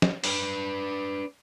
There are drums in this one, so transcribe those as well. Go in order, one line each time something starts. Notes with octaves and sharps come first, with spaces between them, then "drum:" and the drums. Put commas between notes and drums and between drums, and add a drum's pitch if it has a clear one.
drum: snare
D4 B4, drum: open hi-hat